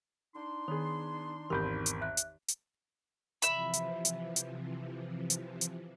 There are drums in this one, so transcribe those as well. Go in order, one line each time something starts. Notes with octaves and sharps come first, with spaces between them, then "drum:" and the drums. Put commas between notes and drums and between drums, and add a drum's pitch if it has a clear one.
D4 D#4 C6
D#3 B3 G#4
G#1 E2 G4 A#4 B5 G6
drum: hi-hat
E5 F#6
drum: hi-hat
drum: hi-hat
C3 E3 F3 E5 B5, drum: hi-hat
drum: hi-hat
drum: hi-hat
drum: hi-hat
drum: hi-hat
drum: hi-hat